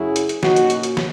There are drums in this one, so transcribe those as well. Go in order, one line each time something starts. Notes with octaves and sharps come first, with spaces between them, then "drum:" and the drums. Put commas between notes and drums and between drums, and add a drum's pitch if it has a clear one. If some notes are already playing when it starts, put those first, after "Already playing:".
Already playing: F#2 C#3 F#3 C#4 E4 G#4
drum: hi-hat
drum: hi-hat
A#2 A#3 C#4 D#4 F#4, drum: snare
drum: hi-hat
drum: hi-hat
drum: hi-hat
drum: snare